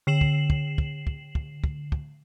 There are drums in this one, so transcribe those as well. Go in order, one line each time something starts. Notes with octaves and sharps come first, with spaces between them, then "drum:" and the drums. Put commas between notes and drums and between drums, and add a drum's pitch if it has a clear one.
D3 C7 E7 F#7
drum: kick
drum: kick
drum: kick
drum: kick
drum: kick
drum: kick
drum: kick